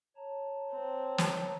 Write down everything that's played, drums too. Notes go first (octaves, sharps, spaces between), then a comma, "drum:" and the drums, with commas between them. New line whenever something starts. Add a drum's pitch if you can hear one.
C#5 A5 A#5
C4
drum: snare